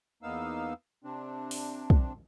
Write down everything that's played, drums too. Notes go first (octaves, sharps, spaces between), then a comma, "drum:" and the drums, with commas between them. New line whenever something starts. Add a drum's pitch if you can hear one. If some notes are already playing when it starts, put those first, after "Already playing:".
E2 A#3 B3 D#4 F5 E6
C3 C4 D4
drum: open hi-hat
drum: kick